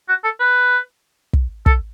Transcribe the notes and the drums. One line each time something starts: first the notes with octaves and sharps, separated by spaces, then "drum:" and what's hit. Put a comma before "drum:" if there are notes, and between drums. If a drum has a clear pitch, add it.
F#4
A4
B4
drum: kick
A4, drum: kick